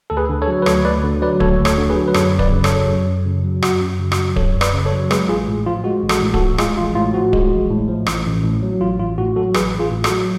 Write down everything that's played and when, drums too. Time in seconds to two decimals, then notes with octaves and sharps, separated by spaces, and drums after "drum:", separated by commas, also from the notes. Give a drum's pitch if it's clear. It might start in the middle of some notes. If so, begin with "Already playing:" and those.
0.10 D2 A4
0.17 G#4 B4
0.29 D3
0.42 A4 C#5
0.48 F#3
0.62 B4
0.66 D2 A4 C#5, drum: rim click
0.85 D2 B4 D5
1.04 D3
1.22 F#3 B4 D5
1.40 D2 A4 C#5, drum: kick D1
1.59 D2
1.65 A4 C#5, drum: rim click
1.78 D3
1.90 G#4 B4
1.96 F#3
2.08 B4
2.14 F#2 A4 C#5, drum: rim click
2.33 F#2
2.39 B4 D5, drum: kick D1
2.51 C#3
2.64 A4 C#5, drum: rim click
2.70 F#3
2.89 F#2
3.07 F#2
3.26 C#3
3.44 F#3
3.62 F#2 F#4, drum: rim click
3.81 F#2
3.99 C#3
4.12 F#4, drum: rim click
4.18 F#3
4.36 F#2 A4 C#5, drum: kick D1
4.55 F#2
4.61 B4 D5, drum: rim click
4.74 C#3
4.85 A4 C#5
4.92 F#3
5.11 G#3 G#4 B4, drum: rim click
5.29 A1 F4 G#4
5.48 A2
5.66 F3 F4
5.84 G#3 F#4
6.03 A1
6.09 F#4 A4, drum: rim click
6.21 A2
6.34 F#4 A4, drum: kick D1
6.40 F3
6.58 G#3 F4 G#4, drum: rim click
6.77 A1 F4
6.95 A2 F4
7.14 F3 F#4
7.33 G#3, drum: kick D1
7.51 A1
7.70 A2
7.88 F3
8.07 A1, drum: rim click
8.26 A1
8.43 A2
8.62 F#3
8.81 A1 F4
8.99 A1 F4
9.18 A2 F#4
9.36 F#3 F#4 A4
9.54 A1 G#4 B4, drum: rim click
9.73 A1
9.80 F4 G#4
9.91 A2
10.04 F#4 A4, drum: rim click
10.10 F#3